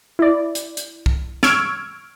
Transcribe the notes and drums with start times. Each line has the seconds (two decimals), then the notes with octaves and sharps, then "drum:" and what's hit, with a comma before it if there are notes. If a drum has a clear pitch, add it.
0.19 E4 D5
0.55 drum: hi-hat
0.77 drum: hi-hat
1.06 drum: kick C2
1.43 C#6 E6 F6 G#6 D7, drum: snare